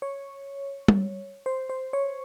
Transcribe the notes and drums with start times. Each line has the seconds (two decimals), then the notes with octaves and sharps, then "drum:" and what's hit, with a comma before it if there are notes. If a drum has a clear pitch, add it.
0.02 C#5
0.88 drum: tom G3
1.46 C5
1.69 C5
1.93 C#5